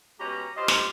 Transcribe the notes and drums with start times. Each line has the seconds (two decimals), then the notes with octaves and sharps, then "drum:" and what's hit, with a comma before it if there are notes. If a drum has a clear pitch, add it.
0.19 B2 G#3 C#4 G4 B4 A#5
0.56 F4 G4 C5 D#5 F5
0.68 drum: snare